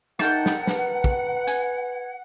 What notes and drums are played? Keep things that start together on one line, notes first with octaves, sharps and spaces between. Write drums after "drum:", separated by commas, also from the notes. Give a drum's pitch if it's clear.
D#4 A#4 F#5 G5 A5, drum: rim click
drum: snare
B4, drum: snare
drum: kick
G#5, drum: hi-hat